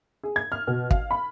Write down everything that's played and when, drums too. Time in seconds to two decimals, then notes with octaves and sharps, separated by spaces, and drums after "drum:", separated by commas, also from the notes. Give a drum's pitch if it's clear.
0.23 G#4
0.36 G#6
0.52 F6
0.67 B2
0.91 F5, drum: kick
1.11 B5